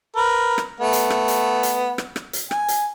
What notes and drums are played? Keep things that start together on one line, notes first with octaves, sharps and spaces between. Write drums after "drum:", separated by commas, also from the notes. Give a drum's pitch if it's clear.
A#4 B4
drum: rim click
A3 B3
drum: hi-hat
drum: rim click
drum: hi-hat
drum: hi-hat
drum: rim click
drum: rim click
drum: hi-hat
G#5, drum: rim click
drum: hi-hat